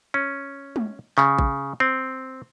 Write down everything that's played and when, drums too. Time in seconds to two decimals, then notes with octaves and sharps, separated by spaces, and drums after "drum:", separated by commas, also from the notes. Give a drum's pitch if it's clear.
0.14 C#4
0.76 drum: tom G#3
1.18 C#3, drum: clap
1.39 drum: kick A1
1.80 C4